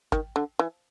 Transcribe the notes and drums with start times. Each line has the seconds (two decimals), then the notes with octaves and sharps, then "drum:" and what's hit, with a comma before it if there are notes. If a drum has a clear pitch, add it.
0.12 D#3, drum: kick
0.36 D3
0.59 E3